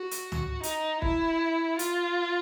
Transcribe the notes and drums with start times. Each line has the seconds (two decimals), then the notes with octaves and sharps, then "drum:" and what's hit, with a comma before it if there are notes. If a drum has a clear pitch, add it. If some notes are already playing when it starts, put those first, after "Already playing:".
Already playing: F#4
0.11 drum: hi-hat
0.32 drum: tom
0.63 D#4, drum: hi-hat
1.02 E4, drum: kick
1.79 F4, drum: hi-hat